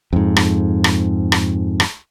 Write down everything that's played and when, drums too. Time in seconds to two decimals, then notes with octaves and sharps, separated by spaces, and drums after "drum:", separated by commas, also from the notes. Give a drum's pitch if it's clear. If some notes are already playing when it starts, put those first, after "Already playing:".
0.13 F2 G#2
0.36 drum: rim click
0.84 drum: rim click
1.32 drum: rim click
1.80 drum: rim click